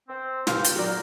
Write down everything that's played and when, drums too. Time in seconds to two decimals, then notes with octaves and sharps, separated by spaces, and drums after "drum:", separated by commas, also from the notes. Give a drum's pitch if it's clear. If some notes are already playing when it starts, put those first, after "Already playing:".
0.09 C4
0.47 G2 A#2 F5 G5 C6, drum: snare
0.64 drum: hi-hat
0.76 F#3 A#4 D5